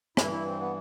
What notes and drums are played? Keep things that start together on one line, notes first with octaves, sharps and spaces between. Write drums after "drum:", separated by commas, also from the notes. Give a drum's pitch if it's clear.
G2 E3 E4, drum: rim click
E4
C4
B3